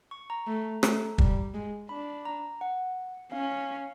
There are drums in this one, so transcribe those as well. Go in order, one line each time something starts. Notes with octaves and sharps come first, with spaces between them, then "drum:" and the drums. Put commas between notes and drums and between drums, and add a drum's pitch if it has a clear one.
C#6
A#5
A3
A3, drum: rim click
G3, drum: kick
G#3
D4 B5
A#5
F#5
C#4 F5